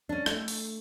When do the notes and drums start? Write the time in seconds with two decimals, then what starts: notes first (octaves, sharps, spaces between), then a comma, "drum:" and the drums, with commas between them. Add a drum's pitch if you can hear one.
0.09 C#4 D4
0.26 A3, drum: rim click
0.48 drum: open hi-hat